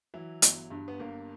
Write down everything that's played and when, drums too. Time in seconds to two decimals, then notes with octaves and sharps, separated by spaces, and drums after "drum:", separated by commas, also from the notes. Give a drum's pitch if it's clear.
0.14 E3 F#3 E4
0.42 G1, drum: hi-hat
0.70 G2
0.88 B3
0.99 G1 A#3